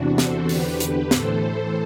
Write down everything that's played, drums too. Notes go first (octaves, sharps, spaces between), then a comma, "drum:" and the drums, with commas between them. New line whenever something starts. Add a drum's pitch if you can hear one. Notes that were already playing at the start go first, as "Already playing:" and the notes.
Already playing: E2 C3 E3 D4 F#4
A4 C5, drum: snare
E2 D3 G4 B4, drum: open hi-hat
G4 B4, drum: hi-hat
A2 E3 A4 C5, drum: snare